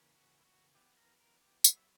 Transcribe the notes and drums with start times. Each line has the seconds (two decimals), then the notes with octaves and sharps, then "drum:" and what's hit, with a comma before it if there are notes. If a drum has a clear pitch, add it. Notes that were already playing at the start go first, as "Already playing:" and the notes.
Already playing: C#3 E3 A#3 C#4
0.15 F#4
0.41 E4
0.45 F#4
0.75 E3 B3 G4
0.97 A#4
1.19 A#4
1.42 G4
1.64 F#3 B3 E5, drum: tambourine
1.76 E5